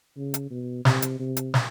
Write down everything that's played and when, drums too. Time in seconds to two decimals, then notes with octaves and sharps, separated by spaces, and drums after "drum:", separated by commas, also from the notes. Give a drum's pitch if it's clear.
0.17 C#3
0.34 drum: hi-hat
0.51 B2
0.85 C3, drum: snare
1.02 drum: hi-hat
1.19 C3
1.37 drum: hi-hat
1.54 drum: snare